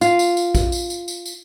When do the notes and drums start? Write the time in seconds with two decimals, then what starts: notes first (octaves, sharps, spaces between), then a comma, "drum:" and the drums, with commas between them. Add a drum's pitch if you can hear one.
0.01 F4, drum: tambourine
0.19 drum: tambourine
0.37 drum: tambourine
0.55 drum: kick A#1, tambourine
0.72 drum: tambourine
0.90 drum: tambourine
1.08 drum: tambourine
1.26 drum: tambourine